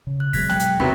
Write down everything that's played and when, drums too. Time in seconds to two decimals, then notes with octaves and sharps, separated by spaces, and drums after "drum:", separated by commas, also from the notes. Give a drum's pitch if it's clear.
0.07 C#3
0.20 F#6
0.33 B2 F#3 G#3 G#6 A#6 B6, drum: kick, open hi-hat
0.49 G5 F#6, drum: snare
0.60 drum: hi-hat
0.80 D#2 C3 F#3 B3 B5 C#6 B6